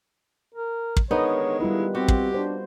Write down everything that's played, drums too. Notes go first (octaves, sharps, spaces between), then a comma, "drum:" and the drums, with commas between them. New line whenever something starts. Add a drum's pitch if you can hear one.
A#4
drum: kick
D3 D#3 G#3 B3 D#4 A#4 C#5 D#5
G3 E4 F4 B4
C4 F#4 G4
drum: kick
D4 C5